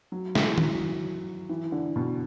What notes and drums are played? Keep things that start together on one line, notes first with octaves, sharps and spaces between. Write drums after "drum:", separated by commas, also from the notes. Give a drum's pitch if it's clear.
F#3
E3, drum: snare
F#3, drum: tom D#3
E3
D3
B2